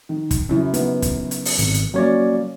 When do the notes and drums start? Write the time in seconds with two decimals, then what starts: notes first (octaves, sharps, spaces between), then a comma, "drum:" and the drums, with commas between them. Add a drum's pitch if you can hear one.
0.09 D#3
0.31 drum: kick, hi-hat
0.49 F#2 C#3 E4
0.74 B3 D#4, drum: hi-hat
1.02 drum: kick, hi-hat
1.31 drum: hi-hat
1.45 drum: open hi-hat
1.58 G#1, drum: hi-hat
1.74 drum: hi-hat
1.94 F#3 A#3 C#4 C#5 D5